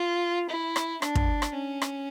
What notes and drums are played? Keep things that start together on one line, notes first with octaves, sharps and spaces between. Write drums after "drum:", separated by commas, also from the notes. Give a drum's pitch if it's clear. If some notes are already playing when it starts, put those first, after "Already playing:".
Already playing: F4
E4
drum: rim click
D4, drum: rim click
drum: kick
drum: rim click
C#4
drum: rim click